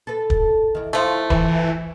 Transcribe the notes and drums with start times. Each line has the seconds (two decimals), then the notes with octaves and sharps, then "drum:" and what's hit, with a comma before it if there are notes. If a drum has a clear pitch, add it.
0.07 A4 B4
0.30 drum: kick
0.75 D#3 E3
0.93 F3 A3 E4 F4
1.30 E3, drum: kick